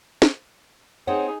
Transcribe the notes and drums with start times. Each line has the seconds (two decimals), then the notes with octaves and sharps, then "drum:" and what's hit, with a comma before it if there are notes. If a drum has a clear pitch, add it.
0.22 drum: snare
1.07 C4 D#4 G#4 C#5 F#5